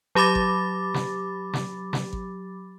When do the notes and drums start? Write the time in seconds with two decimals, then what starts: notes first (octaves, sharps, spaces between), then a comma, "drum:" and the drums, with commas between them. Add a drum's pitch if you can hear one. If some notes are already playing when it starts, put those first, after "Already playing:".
0.15 F#3 G4 B5 D6 A6
0.35 drum: kick
0.94 drum: snare
1.53 drum: snare
1.93 drum: snare
2.13 drum: kick